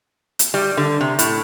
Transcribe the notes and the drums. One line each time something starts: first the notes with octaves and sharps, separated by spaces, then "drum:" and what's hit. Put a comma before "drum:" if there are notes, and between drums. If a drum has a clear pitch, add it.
drum: hi-hat
G3
D3
C3
A2, drum: hi-hat